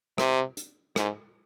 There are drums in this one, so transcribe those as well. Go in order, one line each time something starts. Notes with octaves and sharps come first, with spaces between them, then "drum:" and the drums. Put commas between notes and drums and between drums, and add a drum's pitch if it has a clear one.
C3, drum: rim click
drum: hi-hat
G#2, drum: rim click